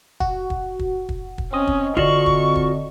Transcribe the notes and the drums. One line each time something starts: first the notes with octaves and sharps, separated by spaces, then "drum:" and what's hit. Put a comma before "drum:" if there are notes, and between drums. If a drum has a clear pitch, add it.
F#4, drum: kick
drum: kick
drum: kick
drum: kick
drum: kick
C4 C#4 D#5
drum: kick
D3 F4 F#4 D5 C#6, drum: kick
drum: kick
drum: kick